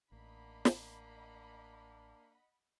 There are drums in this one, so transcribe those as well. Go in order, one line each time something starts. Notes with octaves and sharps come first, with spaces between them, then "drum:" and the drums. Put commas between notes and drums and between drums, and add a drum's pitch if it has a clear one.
A1 A#3 D4 D#5 F#5 B5
drum: snare